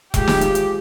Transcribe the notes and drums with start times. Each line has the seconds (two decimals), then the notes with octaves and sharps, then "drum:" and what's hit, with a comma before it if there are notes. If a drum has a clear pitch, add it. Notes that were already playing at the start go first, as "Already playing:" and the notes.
0.14 F3 G#3 G4 G#4, drum: kick E1, hi-hat
0.27 drum: snare
0.41 drum: hi-hat
0.55 drum: hi-hat